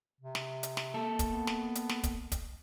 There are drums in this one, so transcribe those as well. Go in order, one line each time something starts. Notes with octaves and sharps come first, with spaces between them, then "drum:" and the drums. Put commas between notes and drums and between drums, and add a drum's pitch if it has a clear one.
C3
drum: snare
drum: hi-hat
drum: snare
A#3 A4
drum: kick, hi-hat
B3
drum: snare
drum: hi-hat
drum: snare
drum: kick, hi-hat
drum: kick, hi-hat